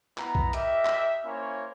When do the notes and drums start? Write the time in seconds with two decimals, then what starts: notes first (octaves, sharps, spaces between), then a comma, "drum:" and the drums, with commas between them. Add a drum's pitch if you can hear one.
0.18 B3 E4 A#5, drum: clap
0.35 drum: kick B1
0.53 G4 A#4 D#5 E5, drum: hi-hat
0.85 drum: clap
1.26 A#3 C#4 E4 A#4 C5 C#5